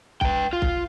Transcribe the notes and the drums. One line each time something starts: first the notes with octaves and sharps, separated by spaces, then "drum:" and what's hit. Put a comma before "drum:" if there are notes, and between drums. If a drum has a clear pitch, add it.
B4 G5, drum: kick B1
F4
drum: kick B1